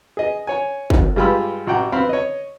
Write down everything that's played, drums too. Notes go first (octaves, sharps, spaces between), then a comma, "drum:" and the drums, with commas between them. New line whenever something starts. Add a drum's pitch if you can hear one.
G#4 D#5
C#5 G#5
drum: kick
G2 G#3 F4 G4 B5 E6
A1 F#4 F#5 G5 A#5
B3 C4 F5 B5
C#5 D#5